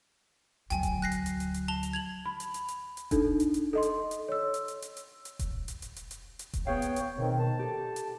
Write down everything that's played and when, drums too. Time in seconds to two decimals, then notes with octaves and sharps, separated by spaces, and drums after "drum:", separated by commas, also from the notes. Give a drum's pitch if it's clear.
0.70 D2 F#3 G5 G#5, drum: hi-hat
0.83 drum: kick E1, hi-hat
1.02 F#6 A#6 C7
1.12 drum: hi-hat
1.26 drum: hi-hat
1.40 drum: hi-hat
1.54 drum: hi-hat
1.68 A5 F7 G7
1.83 drum: hi-hat
1.93 G#6 F7 F#7
2.26 B5
2.40 drum: hi-hat
2.54 drum: hi-hat
2.68 drum: hi-hat
2.97 drum: hi-hat
3.11 D4 D#4 A4, drum: kick E1, hi-hat
3.40 drum: hi-hat
3.54 drum: hi-hat
3.73 A4 D#5 C6
3.83 drum: hi-hat
4.11 drum: hi-hat
4.28 C#5 E6
4.54 drum: hi-hat
4.68 drum: hi-hat
4.82 drum: hi-hat
4.97 drum: hi-hat
5.25 drum: hi-hat
5.39 drum: kick E1, hi-hat
5.68 drum: hi-hat
5.82 drum: hi-hat
5.96 drum: hi-hat
6.11 drum: hi-hat
6.39 drum: hi-hat
6.53 drum: kick E1, hi-hat
6.67 B3 G#4 C#5 F5 G5
6.82 drum: hi-hat
6.96 drum: hi-hat
7.18 B2 D#3 C4
7.39 A5
7.60 G4 A4
7.96 drum: hi-hat